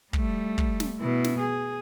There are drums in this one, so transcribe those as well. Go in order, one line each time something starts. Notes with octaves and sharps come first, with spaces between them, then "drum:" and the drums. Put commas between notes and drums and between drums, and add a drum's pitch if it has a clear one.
G3 A3, drum: kick
drum: kick
drum: snare
B2 E4
drum: snare
G#4